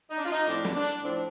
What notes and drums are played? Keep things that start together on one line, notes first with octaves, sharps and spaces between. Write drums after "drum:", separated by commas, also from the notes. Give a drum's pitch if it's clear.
D#4
D4
F4
D#4
A2 F3 C4 D4, drum: hi-hat
drum: snare
D4
drum: hi-hat
A2 F3 C4 D4